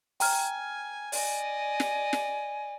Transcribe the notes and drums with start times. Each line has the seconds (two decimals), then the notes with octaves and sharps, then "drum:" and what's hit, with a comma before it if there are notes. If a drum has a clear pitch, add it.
0.20 G5 G#5 A#5 F6, drum: open hi-hat
1.12 D5 D#5 G#5, drum: open hi-hat
1.80 drum: snare
2.13 drum: snare